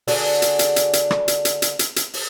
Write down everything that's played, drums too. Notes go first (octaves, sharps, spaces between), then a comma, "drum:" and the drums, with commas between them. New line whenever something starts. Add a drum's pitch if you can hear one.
D3 D4 F#4 G#4, drum: open hi-hat
drum: hi-hat
drum: hi-hat
drum: hi-hat
drum: hi-hat
drum: rim click
drum: hi-hat
drum: hi-hat
drum: hi-hat
drum: hi-hat
drum: hi-hat
drum: open hi-hat